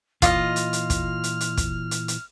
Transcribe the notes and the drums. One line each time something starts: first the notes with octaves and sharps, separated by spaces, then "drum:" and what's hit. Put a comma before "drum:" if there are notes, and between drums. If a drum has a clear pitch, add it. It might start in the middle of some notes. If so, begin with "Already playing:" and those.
A#2 E3 F4 D#5 F6, drum: kick, hi-hat
drum: hi-hat
drum: hi-hat
drum: kick, hi-hat
drum: hi-hat
drum: hi-hat
drum: kick, hi-hat
drum: hi-hat
drum: hi-hat